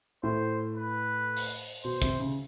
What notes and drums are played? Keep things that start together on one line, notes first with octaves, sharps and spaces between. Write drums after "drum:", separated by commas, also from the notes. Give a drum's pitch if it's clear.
A2 C5
B4
drum: open hi-hat
B2 C5
C3, drum: kick
C#3